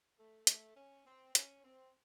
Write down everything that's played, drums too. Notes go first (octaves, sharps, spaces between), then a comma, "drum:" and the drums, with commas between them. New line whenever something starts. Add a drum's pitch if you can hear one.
A3
A3, drum: hi-hat
C#4
C4
C#4, drum: hi-hat
C4